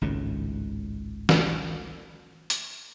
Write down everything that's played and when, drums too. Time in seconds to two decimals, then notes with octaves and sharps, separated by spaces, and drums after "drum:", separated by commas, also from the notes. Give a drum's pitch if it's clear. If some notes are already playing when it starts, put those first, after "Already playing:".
0.01 G#1 C#2 A2
1.29 drum: snare
2.50 drum: hi-hat